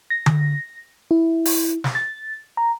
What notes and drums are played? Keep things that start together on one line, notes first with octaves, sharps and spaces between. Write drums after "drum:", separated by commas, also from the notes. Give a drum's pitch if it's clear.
A#6
drum: tom D3
E4
drum: open hi-hat
drum: snare
A6
A#5